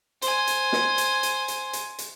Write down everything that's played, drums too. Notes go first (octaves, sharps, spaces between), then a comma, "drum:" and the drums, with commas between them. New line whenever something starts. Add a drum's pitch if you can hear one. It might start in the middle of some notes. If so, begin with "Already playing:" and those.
C5 G#5, drum: hi-hat
drum: hi-hat
drum: snare
drum: hi-hat
drum: hi-hat
drum: hi-hat
drum: hi-hat
drum: hi-hat